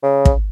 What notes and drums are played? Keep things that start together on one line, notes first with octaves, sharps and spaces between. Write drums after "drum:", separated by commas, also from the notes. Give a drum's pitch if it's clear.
C#3
drum: kick